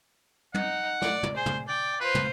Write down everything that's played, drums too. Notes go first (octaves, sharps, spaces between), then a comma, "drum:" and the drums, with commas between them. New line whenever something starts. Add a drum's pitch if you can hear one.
D#4 F#5, drum: tom
D5, drum: snare
drum: tom
G#4 C5
drum: tom
D5 G5
F4 B4 C5
drum: tom